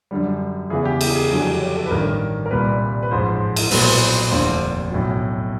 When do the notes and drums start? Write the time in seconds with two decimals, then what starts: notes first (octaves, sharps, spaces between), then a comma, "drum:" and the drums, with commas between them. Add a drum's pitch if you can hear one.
0.11 F#2 D3 G3
0.70 E2 C#3 E3 G#4
0.85 G4
1.01 G#4, drum: cymbal
1.11 G4
1.16 G#4
1.30 F2 D3 F#3 A3 G4
1.46 G4
1.61 C#5
1.76 A4
1.86 B4
1.91 A1 G2 D#3 A#4
2.46 A#4
2.51 C2 A#2 G3 B4
3.03 B4
3.11 A1 G#2 F3 C5
3.56 drum: cymbal
3.71 B1 A#2 F#3 A3 B4, drum: open hi-hat
3.82 C5
3.92 B4
4.31 F1 D#2 D3 C5
4.91 B1 A2 F#3